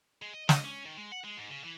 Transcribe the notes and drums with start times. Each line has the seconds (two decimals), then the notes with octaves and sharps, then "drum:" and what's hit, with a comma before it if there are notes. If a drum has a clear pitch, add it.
0.22 G#3
0.33 D#5
0.49 D#5, drum: snare
0.64 C#4
0.85 D#3
0.98 G#3
1.12 F#5
1.24 G#3
1.37 G#2
1.49 C#3
1.64 E3